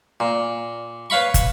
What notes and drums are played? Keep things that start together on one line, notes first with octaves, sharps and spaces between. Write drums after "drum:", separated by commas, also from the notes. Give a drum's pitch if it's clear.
A#2
B4 C#5 F5 B5 C#6
drum: kick, hi-hat